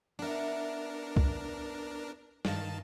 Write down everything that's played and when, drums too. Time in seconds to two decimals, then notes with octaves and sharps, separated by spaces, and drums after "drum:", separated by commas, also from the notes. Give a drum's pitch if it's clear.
0.19 B3 D4 A#4 E5
1.16 drum: kick C2
2.45 G2 D#3 D#5 F5 A5, drum: snare